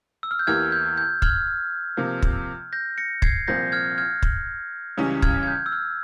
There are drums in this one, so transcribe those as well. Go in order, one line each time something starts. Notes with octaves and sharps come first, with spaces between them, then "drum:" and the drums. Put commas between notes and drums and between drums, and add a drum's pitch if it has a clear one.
E6
F6
G6
E2 E3 A#3 E4 G4 F6 G#6
G6
G6
F6 G#6, drum: kick
C3 F3 A#3
drum: kick
G6 A#6
A#6 C#7
G#6 C7, drum: kick
C2 A#2 F3 C4 G6 A#6
F6 G#6
F6 G#6
drum: kick
C#2 C#3 E3 G3 C#4
F6 G#6, drum: kick
G#6
G6
E6
F6